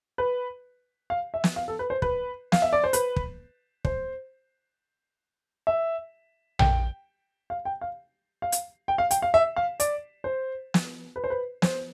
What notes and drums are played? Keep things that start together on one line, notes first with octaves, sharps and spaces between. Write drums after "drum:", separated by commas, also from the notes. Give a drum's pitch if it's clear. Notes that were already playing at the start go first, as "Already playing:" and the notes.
B4
F5
E5
drum: snare
F5
A4
B4
C5
B4, drum: kick
F5, drum: snare
E5
D5
C5
B4, drum: hi-hat
drum: kick
C5, drum: kick
E5
G5, drum: tom A#1
F5
G5
F5
F5
drum: hi-hat
G5
F5
G5, drum: hi-hat
F5
E5
F5
D5, drum: hi-hat
C5
drum: snare
B4
C5
B4
C5, drum: snare